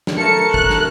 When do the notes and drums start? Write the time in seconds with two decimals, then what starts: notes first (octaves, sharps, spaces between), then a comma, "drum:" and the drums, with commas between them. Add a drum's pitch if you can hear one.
0.07 drum: snare
0.18 A3 A#4 A5 C#7
0.54 F#6, drum: kick
0.70 drum: snare